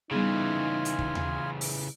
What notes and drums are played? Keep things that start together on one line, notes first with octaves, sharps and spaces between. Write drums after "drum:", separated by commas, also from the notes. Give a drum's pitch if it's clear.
C#3 E3 G3 B3 D#4 F4 G#4 G#5
drum: hi-hat
drum: kick
drum: tom D#2
drum: open hi-hat